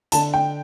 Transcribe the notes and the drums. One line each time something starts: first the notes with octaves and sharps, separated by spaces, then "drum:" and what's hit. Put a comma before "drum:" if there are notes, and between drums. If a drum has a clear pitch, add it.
D3 A5, drum: hi-hat
G5